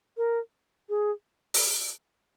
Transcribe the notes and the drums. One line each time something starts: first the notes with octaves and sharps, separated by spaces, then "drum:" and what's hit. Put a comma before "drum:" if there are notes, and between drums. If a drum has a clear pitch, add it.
A#4
G#4
drum: open hi-hat